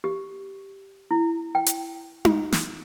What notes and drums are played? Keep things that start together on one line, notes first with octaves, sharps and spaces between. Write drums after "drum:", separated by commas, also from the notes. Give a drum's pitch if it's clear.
G4
E4
G5
drum: hi-hat
drum: tom D#4
drum: snare